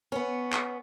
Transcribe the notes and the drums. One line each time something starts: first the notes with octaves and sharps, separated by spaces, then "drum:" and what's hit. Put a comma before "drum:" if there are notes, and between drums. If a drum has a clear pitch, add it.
B3 C#4
drum: clap